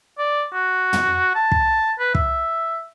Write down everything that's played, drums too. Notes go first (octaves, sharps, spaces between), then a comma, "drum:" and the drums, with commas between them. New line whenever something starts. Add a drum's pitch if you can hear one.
D5
F#4
drum: tom
A5
drum: kick
B4
E5, drum: kick